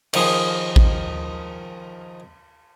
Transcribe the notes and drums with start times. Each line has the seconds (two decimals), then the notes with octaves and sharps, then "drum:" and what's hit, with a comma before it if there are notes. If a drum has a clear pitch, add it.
0.13 D#3 F3 D#4 G#4, drum: cymbal
0.76 drum: kick A1